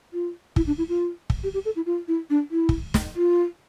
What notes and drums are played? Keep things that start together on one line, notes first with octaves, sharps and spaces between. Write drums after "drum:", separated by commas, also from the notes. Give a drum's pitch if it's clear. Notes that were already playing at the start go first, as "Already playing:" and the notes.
F4
E4, drum: kick
D4
E4
F4
drum: kick
G4
G4
A4
E4
F4
E4
D4
E4
drum: kick
drum: snare
F4